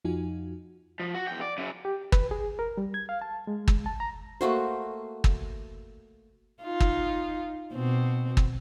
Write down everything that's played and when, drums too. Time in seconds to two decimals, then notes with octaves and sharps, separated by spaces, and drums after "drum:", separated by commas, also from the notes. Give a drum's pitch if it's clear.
0.05 F2 F3 D#4 F4 F#4 G#5
1.00 F3
1.14 F#4
1.27 E2 G5
1.41 D5
1.58 F#2 C#3
1.85 G4
2.12 B4, drum: kick
2.31 G#4
2.59 A#4
2.78 G3
2.94 G#6
3.09 F5
3.22 A5
3.47 G#3
3.68 drum: kick
3.86 A5
4.00 A#5
4.41 A3 A#3 F#4 C5
5.24 drum: kick
6.63 D#4 F4
6.80 drum: kick
7.73 B2 C4
8.37 drum: kick